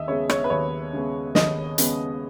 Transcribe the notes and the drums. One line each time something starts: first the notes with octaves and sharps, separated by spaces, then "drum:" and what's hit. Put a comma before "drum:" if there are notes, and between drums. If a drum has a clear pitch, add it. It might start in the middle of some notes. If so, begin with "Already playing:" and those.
Already playing: D#2 D#5 E5
C#3 G#3 B3 C#5
C#5, drum: rim click
B4
D#2 C#5
C#3 G#3 B3
D#2 D#5, drum: snare
C#3 G#3 B3, drum: hi-hat